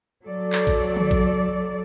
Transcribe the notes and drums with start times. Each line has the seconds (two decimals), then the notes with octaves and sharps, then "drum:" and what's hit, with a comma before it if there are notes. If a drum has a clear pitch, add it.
0.23 F#3 A4 D5
0.53 drum: clap
0.67 drum: kick A#1
0.96 drum: tom
1.11 drum: kick A#1